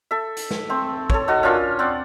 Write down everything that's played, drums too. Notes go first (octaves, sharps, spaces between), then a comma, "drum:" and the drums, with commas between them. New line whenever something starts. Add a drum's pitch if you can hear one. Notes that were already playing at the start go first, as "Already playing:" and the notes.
A4 E5
drum: hi-hat
drum: snare
A3 C4
A4 C#5, drum: kick
D#4 F#4 A4
C#4 D4 F4 A#4
C4 D5 F#5